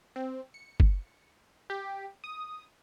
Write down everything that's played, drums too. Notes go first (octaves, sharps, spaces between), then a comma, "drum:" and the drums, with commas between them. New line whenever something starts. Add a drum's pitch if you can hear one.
C4
C#7
drum: kick
G4
D#6